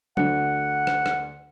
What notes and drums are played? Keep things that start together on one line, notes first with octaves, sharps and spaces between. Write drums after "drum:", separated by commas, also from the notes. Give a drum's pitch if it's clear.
D2 F#5, drum: tom F#3
drum: rim click
drum: rim click